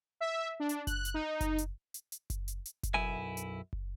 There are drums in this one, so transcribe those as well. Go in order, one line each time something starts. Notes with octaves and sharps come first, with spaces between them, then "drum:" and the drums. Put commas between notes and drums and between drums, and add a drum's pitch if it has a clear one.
E5
D4
drum: hi-hat
F#6, drum: kick F#1, hi-hat
drum: hi-hat
D#4
drum: kick F#1, hi-hat
drum: hi-hat
drum: hi-hat
drum: hi-hat
drum: kick F#1, hi-hat
drum: hi-hat
drum: hi-hat
drum: kick F#1, hi-hat
B1 F#2 E4 G#5
drum: hi-hat
drum: kick F#1